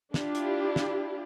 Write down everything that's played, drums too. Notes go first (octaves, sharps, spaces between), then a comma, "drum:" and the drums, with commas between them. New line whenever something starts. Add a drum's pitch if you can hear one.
D4 E4 F4 G4, drum: snare
drum: hi-hat
drum: snare